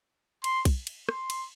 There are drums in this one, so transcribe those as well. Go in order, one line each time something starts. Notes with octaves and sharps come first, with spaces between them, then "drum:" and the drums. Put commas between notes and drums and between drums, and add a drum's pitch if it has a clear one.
C6, drum: cymbal
drum: kick B1, cymbal
drum: cymbal
C6, drum: rim click
drum: cymbal